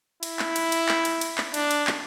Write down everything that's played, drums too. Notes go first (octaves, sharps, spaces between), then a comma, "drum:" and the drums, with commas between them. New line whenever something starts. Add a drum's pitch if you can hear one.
E4, drum: cymbal
drum: clap
drum: cymbal
drum: cymbal
drum: clap
drum: cymbal
drum: cymbal
drum: clap
D4, drum: cymbal
drum: cymbal
drum: clap